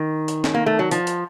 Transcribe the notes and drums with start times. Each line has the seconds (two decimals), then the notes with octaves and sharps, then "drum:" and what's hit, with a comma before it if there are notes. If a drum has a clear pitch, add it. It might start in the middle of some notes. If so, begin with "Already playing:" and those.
Already playing: D#3
0.28 drum: hi-hat
0.44 drum: snare
0.54 A#3
0.66 A3
0.79 F#3
0.91 F3, drum: hi-hat
1.07 drum: hi-hat